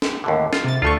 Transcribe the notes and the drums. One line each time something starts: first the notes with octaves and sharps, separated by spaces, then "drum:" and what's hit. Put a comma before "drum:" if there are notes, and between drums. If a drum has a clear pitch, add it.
drum: snare
D#2 A2 D3
F4, drum: snare
C3 A6
D2 A3 F4 A4 C#6